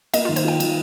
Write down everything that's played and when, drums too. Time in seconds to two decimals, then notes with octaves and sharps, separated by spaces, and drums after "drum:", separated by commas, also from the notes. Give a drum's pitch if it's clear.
0.14 A#3 D#5, drum: cymbal
0.25 F4
0.29 D#3
0.36 C5, drum: cymbal
0.44 F4 G5
0.60 D#3, drum: cymbal